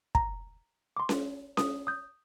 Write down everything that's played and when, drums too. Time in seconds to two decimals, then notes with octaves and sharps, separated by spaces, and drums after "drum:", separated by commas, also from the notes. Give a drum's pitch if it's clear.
0.15 A#5, drum: kick
0.97 C6 D6
1.09 drum: snare C#4
1.57 D#6, drum: snare C#4
1.87 D#6 G6